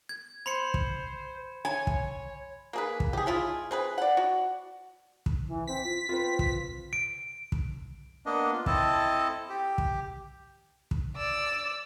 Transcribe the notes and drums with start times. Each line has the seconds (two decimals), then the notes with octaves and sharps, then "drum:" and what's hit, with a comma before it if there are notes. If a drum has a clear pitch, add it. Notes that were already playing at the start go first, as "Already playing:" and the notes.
0.09 G#6
0.46 C5 B5 C6 C#7
0.74 drum: kick
1.65 C#5 G#5
1.87 drum: kick
2.73 A#3 G#4 B4
3.00 drum: kick
3.13 G4 G#4
3.26 G#3 E4 F4 G#4
3.71 C4 G#4 B4
3.98 D5 F#5
4.17 F#4
5.26 drum: kick
5.48 E3
5.67 C4 B6
5.83 F4
6.09 C4 F4 B4
6.39 drum: kick
6.93 D7
7.52 drum: kick
8.26 A#3 B3 D4 D#5
8.52 F4
8.66 C4 E4 A4 D#5 A5, drum: kick
9.49 G4
9.78 drum: kick
10.91 drum: kick
11.16 D5 E6